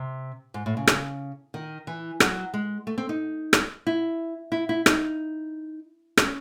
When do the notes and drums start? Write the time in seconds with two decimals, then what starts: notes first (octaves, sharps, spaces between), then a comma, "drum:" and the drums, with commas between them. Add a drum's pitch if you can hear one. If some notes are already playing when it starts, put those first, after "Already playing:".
Already playing: C3
0.54 G#2
0.66 A2
0.77 C#3
0.87 drum: rim click
1.54 D#3
1.87 E3
2.20 F#3, drum: rim click
2.54 G#3
2.87 A3
2.98 C4
3.09 D#4
3.53 drum: rim click
3.87 E4
4.52 E4
4.69 E4
4.86 D#4, drum: rim click
6.17 C#4, drum: rim click